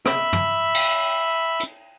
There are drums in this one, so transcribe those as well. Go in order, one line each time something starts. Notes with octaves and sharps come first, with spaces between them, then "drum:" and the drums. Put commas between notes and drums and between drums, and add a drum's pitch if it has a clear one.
E5 B5, drum: rim click
drum: tom
drum: cymbal
drum: hi-hat